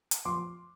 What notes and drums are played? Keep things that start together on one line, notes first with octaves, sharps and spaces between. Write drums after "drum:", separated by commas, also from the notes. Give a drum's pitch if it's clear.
drum: hi-hat
F3 C6 D6